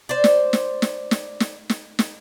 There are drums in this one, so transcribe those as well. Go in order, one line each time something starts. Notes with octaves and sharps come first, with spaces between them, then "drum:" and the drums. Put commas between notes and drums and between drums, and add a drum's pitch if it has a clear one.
C5 D5
drum: snare
drum: snare
drum: snare
drum: snare
drum: snare
drum: snare
drum: snare